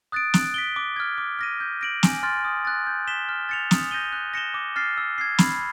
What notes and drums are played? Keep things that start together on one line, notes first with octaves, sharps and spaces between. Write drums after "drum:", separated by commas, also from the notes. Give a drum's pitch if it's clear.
D#6 F#6 A6 D7
F#6, drum: snare
B6 D7 G7
D6
F6 G#6
D6
F6 A#6 D#7
G6
A#6 D7 F#7
G#5, drum: snare
C6 F6 A6
D#6
F#6 A6
G6
B6 E7 G7
F6
A6 C#7 F7
D#6, drum: snare
G6 A#6 D#7 G7
F#6
A#6 C#7 E7 G7
D6
F6 A6 C7
E6
G#6 C7
B5, drum: snare